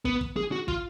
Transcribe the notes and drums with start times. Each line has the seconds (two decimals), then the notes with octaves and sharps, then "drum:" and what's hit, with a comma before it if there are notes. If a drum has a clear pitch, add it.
0.05 B3, drum: kick
0.21 drum: kick
0.36 G#4
0.52 F#4
0.68 F4, drum: kick